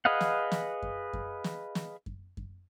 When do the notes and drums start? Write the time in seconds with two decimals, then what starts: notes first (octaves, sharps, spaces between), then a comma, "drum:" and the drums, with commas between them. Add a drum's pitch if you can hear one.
0.05 G#4 B4 D#5 F5 F#5
0.21 drum: snare
0.52 drum: snare
0.82 drum: kick F#2
1.13 drum: kick F#2
1.44 drum: snare
1.75 drum: snare
2.06 drum: kick F#2
2.37 drum: kick F#2